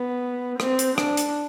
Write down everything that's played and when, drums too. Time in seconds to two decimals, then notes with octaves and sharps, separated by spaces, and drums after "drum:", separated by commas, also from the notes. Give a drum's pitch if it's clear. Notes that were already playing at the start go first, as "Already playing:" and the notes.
Already playing: B3
0.60 C4, drum: rim click
0.79 drum: hi-hat
0.98 D4, drum: rim click
1.17 drum: hi-hat